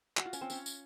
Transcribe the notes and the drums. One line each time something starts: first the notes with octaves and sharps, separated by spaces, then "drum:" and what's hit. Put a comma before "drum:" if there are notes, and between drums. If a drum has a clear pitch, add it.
F#4 F#5, drum: clap
F4 F5
C#4 C#5, drum: tambourine
C4 C5
C#4 C#5, drum: tambourine
drum: tambourine